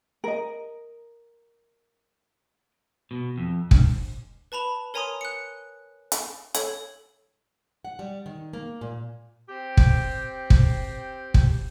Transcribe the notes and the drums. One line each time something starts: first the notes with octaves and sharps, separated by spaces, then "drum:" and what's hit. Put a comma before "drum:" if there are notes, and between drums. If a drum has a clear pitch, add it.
A#4 D#5
B2
F2
G2, drum: kick
B4 A5 B5 F7
A#4 C#5 G#5 A#5 C6 D#6
F#6 C#7
drum: hi-hat
A4 C#5, drum: hi-hat
F#5
G3
D#3
A#3
A#2
C4 G4
drum: kick
drum: kick
drum: kick